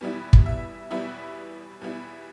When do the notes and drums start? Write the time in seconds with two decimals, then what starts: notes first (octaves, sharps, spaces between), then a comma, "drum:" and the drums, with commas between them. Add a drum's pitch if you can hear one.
0.01 E2 B2 G3 B3 E4
0.33 drum: kick
0.46 E5
0.91 E2 B2 G3 B3 E4 E5
1.82 E2 B2 G3 B3 E4